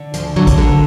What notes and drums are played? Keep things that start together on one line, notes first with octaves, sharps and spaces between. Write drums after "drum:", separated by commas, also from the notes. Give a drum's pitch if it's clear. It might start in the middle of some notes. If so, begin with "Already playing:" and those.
Already playing: D3
D2 F3, drum: hi-hat
D3 F#3
drum: kick, hi-hat
D3 A#3